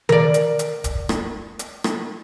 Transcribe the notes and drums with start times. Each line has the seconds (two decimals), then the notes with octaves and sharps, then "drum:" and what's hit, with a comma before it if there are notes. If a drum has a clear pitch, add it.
0.09 A#4 D5, drum: tom D#3
0.34 drum: hi-hat
0.59 drum: hi-hat
0.84 drum: kick, hi-hat
1.09 drum: rim click
1.59 drum: hi-hat
1.84 drum: rim click